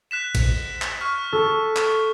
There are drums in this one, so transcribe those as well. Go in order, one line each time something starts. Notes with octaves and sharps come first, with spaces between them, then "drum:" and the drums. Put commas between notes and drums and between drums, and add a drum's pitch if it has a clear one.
F#6 B6 E7
drum: kick A1, cymbal
drum: clap
C#6 F6
A4
drum: clap